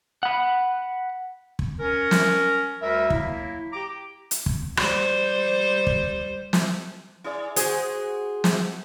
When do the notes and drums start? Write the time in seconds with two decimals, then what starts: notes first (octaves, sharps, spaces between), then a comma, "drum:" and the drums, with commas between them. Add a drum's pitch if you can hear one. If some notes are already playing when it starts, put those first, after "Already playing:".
0.23 F#5 B5
1.59 drum: kick
1.80 C#4 A#4
2.11 drum: snare
2.81 D2 G3 A#4 E5
3.10 F#3 A#3 E4, drum: kick
3.73 G4 A#5 D6
4.31 drum: hi-hat
4.46 drum: kick
4.77 G3 C5, drum: rim click
5.87 drum: kick
6.53 drum: snare
7.24 E4 G#4 D5
7.56 F#4 G#4 C5, drum: hi-hat
8.44 drum: snare